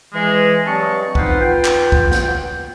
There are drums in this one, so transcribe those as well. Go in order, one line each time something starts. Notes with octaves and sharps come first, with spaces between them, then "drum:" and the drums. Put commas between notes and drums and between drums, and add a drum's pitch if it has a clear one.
E3 G#3
G2 F#3 C4 D#5 A5 C#6
B3 C4 D#4 F4 B4 C5, drum: kick
B3 F4 B4 G5
drum: clap
drum: kick
drum: snare